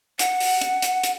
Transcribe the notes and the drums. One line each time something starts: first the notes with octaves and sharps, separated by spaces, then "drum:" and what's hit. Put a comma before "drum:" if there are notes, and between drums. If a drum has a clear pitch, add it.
F#5, drum: hi-hat
drum: open hi-hat
drum: hi-hat
drum: hi-hat
drum: hi-hat